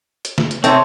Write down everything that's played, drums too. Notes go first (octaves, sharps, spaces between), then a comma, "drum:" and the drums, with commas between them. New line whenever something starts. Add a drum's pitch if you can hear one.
drum: hi-hat
drum: snare
drum: hi-hat
C3 A3 C4 D#4 C#5 A5 C6, drum: hi-hat